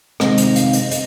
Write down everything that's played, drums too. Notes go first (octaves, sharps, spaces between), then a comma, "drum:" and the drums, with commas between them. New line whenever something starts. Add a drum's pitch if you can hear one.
C3 D#3 G#3 C4 D#5, drum: rim click
drum: hi-hat
F5, drum: hi-hat
D#5, drum: hi-hat
D#5, drum: hi-hat